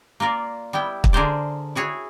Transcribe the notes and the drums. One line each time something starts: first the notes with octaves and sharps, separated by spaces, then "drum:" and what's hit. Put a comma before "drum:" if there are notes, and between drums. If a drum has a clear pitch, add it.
A#3 F4 A#4 D5
G3 B3 E4 G5
drum: kick
D3 G#4 A#4 C5 D5
E4 F#4 G#4 C#5